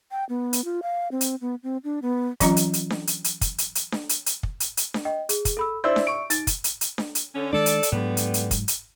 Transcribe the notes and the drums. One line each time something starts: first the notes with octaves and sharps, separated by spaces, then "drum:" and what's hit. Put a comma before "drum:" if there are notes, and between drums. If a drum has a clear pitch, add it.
G5
B3
drum: hi-hat
F4
F5
C4
drum: hi-hat
B3
C4
D4
B3
E3 F#3 C#4 F4 D#5 A#5, drum: kick, hi-hat
drum: hi-hat
drum: hi-hat
drum: snare D4
drum: hi-hat
drum: hi-hat
drum: kick, hi-hat
drum: hi-hat
drum: hi-hat
drum: snare D4
drum: hi-hat
drum: hi-hat
drum: kick
drum: hi-hat
drum: hi-hat
drum: snare D4
D#5 G5
G#4, drum: hi-hat
drum: kick, hi-hat
A4 B5 E6
D4 E4 C5 D5 E5 E6
drum: snare D4
C#6 D7
D#4 A6, drum: hi-hat
drum: kick, hi-hat
drum: hi-hat
drum: hi-hat
drum: snare D4
drum: hi-hat
D3 C#4
D#3 G#3 D4 A4 D5
drum: hi-hat
drum: hi-hat
G#2 D3 F#3 G3 B3
drum: hi-hat
drum: hi-hat
drum: kick, hi-hat
drum: hi-hat